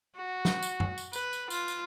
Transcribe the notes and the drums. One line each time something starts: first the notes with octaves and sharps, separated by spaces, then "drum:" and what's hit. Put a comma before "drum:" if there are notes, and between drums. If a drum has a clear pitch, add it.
F#4
drum: snare
drum: tambourine
drum: tom F#2
drum: tambourine
B4, drum: tambourine
drum: tambourine
F4, drum: tambourine
drum: tambourine